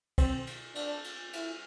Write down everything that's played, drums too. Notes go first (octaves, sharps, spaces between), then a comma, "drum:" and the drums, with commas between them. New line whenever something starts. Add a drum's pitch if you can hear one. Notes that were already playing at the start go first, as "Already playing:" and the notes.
C4, drum: kick, cymbal
drum: cymbal
D4, drum: cymbal
drum: cymbal
E4, drum: cymbal